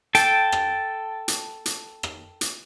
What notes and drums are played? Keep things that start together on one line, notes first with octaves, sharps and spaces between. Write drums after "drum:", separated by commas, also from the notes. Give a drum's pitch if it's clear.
A4 G5 A5, drum: hi-hat
drum: rim click
drum: hi-hat
drum: hi-hat
drum: rim click
drum: hi-hat